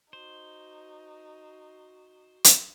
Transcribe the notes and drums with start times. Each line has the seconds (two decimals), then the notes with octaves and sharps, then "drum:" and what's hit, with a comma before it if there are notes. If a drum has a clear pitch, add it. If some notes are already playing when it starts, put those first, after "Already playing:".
0.13 D#4 F#4 C5
2.44 drum: hi-hat